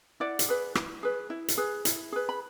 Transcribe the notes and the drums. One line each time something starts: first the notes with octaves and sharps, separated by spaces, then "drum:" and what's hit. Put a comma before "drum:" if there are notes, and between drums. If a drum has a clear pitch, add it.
E4 D5 F#5
drum: hi-hat
G#4 B4
E4, drum: rim click
G#4 B4
E4
drum: hi-hat
G#4 B4
E4, drum: hi-hat
G#4 B4
B5